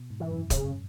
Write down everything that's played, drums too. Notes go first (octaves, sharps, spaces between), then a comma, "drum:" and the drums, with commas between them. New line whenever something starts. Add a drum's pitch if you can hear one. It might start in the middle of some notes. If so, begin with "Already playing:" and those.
Already playing: B2
G#2
E3
F#2
C#3, drum: kick, hi-hat